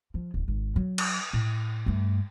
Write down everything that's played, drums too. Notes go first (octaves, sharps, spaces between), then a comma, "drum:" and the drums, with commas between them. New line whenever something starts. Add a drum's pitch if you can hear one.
F3
D1
G#1
F#3
drum: cymbal
A2
G2 A3